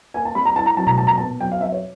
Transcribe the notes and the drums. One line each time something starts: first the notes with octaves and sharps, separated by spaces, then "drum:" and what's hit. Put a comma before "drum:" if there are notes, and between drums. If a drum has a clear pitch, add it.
A#3 G#5
A5
G3 B5
A#5
E4 A5
A#5
F#3 A5
A#5, drum: tom B2
A#2 A5
A#5
B3 A5
F#3 G5
F5
F#3 E5
C#5